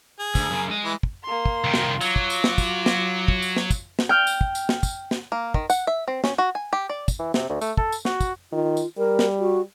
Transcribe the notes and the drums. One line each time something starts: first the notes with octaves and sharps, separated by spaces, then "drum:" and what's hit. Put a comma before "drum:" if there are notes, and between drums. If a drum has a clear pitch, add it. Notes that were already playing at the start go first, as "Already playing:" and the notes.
G#4
D2, drum: kick, tambourine
F#2 C#3
G#3 D#5
E3
drum: kick
A#3 C6
drum: kick
C2 D#3
drum: snare
F#3 F4 D6, drum: tambourine
drum: kick
drum: tambourine
drum: snare
drum: kick, tambourine
drum: snare
drum: kick
drum: tambourine
drum: snare
drum: kick, tambourine
drum: snare
G5 F6
drum: tambourine
drum: kick
drum: tambourine
drum: snare
drum: kick, tambourine
drum: snare
A#3
D#3, drum: kick
F#5, drum: tambourine
E5
C4
C#4, drum: snare
F#4
G#5
G4
D5
drum: kick, tambourine
E3
C3, drum: snare
D2
A3, drum: tambourine
A4, drum: kick
drum: tambourine
F#4, drum: snare
drum: kick, tambourine
D#3 F4
drum: tambourine
G3 A#4
drum: snare
F#4